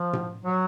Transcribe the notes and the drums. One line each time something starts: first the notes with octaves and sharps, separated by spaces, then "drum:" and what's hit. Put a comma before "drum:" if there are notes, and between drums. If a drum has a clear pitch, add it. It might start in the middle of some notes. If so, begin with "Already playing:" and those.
Already playing: F3
drum: tom A2
F#3